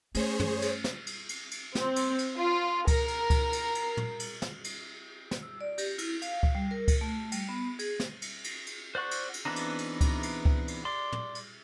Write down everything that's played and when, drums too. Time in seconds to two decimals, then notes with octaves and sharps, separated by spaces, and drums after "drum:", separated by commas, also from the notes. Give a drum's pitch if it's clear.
0.15 A3 C#4 G#4 C5 C#5, drum: cymbal
0.40 drum: tom
0.62 drum: cymbal
0.84 drum: snare
1.07 drum: cymbal
1.29 drum: cymbal
1.51 drum: cymbal
1.75 C4, drum: snare
1.96 drum: cymbal
2.18 drum: cymbal
2.38 F4
2.87 A#4, drum: kick C#2, cymbal
3.08 drum: cymbal
3.30 drum: kick C#2, cymbal
3.53 drum: cymbal
3.75 drum: cymbal
3.97 drum: tom
4.20 drum: cymbal
4.42 drum: snare
4.64 drum: cymbal
5.31 drum: snare
5.43 E6
5.61 D5
5.78 G4, drum: cymbal
5.98 E4, drum: cymbal
6.22 F5, drum: cymbal
6.43 drum: kick C#2
6.55 G3
6.71 A#4
6.88 drum: kick C#2, cymbal
7.01 A3
7.32 G3, drum: cymbal
7.49 B3
7.79 G#4, drum: cymbal
8.00 drum: snare
8.22 drum: cymbal
8.44 drum: cymbal
8.67 drum: cymbal
8.95 C5 D5 F#5 C#6
9.11 drum: cymbal
9.34 drum: cymbal
9.45 E3 B3 C4 D4 D#4
9.56 drum: cymbal
9.78 drum: cymbal
10.01 drum: kick C#2, cymbal
10.23 drum: cymbal
10.45 drum: kick C#2
10.68 drum: cymbal
10.85 D5 C6
11.12 drum: tom
11.35 drum: cymbal